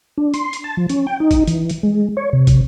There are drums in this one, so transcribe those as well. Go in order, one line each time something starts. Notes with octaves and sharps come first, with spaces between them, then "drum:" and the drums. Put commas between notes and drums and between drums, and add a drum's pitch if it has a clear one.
D4
C6, drum: hi-hat
drum: hi-hat
A5
F3
C#4, drum: hi-hat
G5
D#4
drum: kick, hi-hat
E3, drum: hi-hat
drum: hi-hat
G#3
C#5
C3
drum: kick, hi-hat